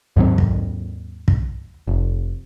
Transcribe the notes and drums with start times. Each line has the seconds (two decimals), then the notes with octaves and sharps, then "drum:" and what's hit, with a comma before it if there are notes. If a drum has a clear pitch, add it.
0.16 D#2 G#2 F#3 C4
0.38 drum: kick
1.28 drum: kick
1.87 F1